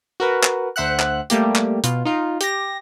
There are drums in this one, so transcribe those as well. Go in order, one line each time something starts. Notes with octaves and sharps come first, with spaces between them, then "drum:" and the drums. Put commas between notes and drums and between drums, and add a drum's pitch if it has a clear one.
F#4 A#4 B4
drum: clap
D2 C5 E5 F#5 F#6
drum: clap
G3 A3 A#3 G4, drum: hi-hat
drum: clap
B2 F4, drum: hi-hat
D#4 F4
G4 A#6, drum: hi-hat